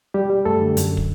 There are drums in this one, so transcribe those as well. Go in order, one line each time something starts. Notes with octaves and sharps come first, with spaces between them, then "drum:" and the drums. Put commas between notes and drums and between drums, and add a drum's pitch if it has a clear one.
G3 G4
G3
F#2 A3 A4
D3
F#2, drum: hi-hat
drum: kick